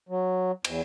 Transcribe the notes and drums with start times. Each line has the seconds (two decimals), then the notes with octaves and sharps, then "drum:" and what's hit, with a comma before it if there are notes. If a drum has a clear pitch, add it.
0.09 F#3
0.64 E2, drum: cymbal